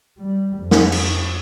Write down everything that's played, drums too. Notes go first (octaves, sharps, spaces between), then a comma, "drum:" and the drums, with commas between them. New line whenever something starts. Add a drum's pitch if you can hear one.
G3
F2
drum: snare
drum: cymbal